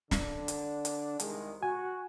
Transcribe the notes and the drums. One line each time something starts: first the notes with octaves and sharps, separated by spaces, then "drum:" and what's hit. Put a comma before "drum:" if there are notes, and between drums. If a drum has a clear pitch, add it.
D3 D4, drum: snare
drum: hi-hat
drum: hi-hat
C2 D#3 G#3, drum: hi-hat
F#4 G#5